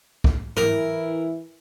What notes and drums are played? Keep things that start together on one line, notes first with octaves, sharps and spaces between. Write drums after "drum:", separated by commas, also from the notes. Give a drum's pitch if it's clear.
drum: kick
E3 E4 A#4, drum: tom